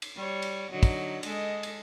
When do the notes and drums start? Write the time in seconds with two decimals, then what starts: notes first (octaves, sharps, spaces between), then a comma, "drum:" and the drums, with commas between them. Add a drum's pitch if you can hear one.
0.02 drum: cymbal
0.17 G3 C#5
0.42 drum: cymbal
0.71 D3 F#3 D#4
0.83 drum: kick, cymbal
1.23 G#3 A4 D#5, drum: cymbal
1.63 drum: cymbal